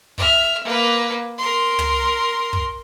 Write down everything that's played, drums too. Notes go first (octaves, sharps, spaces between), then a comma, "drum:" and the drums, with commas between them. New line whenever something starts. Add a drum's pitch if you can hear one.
E5 F6, drum: kick
A#3 B4
A#4 C6
drum: tom
drum: kick